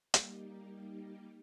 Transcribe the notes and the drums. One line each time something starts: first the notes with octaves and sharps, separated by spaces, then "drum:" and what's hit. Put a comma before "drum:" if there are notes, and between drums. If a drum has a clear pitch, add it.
G3 A#3 D#4 G4, drum: hi-hat